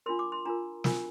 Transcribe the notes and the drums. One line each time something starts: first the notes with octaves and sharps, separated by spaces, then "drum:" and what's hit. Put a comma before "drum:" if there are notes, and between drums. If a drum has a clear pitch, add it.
D4 F4 A#4 C6
D6
C6
D4 F4 A#4 A#5
D4 F4 A#4, drum: snare